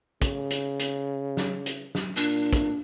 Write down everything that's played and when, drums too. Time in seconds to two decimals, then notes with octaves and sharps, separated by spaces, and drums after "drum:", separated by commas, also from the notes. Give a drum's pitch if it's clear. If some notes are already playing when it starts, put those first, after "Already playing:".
0.22 C#3, drum: kick, hi-hat
0.50 drum: hi-hat
0.79 drum: hi-hat
1.37 drum: snare
1.66 drum: hi-hat
1.95 drum: snare
2.16 A#2 D4
2.53 drum: kick, hi-hat